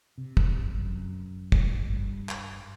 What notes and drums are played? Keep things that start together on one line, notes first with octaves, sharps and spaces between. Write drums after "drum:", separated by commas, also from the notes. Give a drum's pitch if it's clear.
C3
drum: kick
F#2
drum: kick
G2
drum: clap